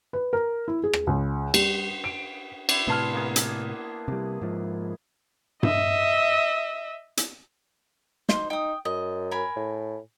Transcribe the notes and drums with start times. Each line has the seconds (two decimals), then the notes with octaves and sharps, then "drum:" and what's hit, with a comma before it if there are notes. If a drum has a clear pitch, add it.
0.13 B4
0.33 A#4
0.68 E4
0.84 G#4
0.93 drum: rim click
1.07 C#2
1.54 G3, drum: cymbal
2.04 D7
2.69 E4 D5, drum: cymbal
2.87 A2 C3 G#4 B4 A5 C6 F6
3.12 A#3 B3 G#4
3.36 drum: hi-hat
4.08 C3 G3
4.41 G#2 F3
5.63 D#5 E5, drum: tom G2
7.17 drum: hi-hat
8.29 D#4 C5 C6, drum: snare
8.50 D#4 G5 D#6
8.85 F#2 D#5
9.31 A#4 G#5 B5
9.56 A2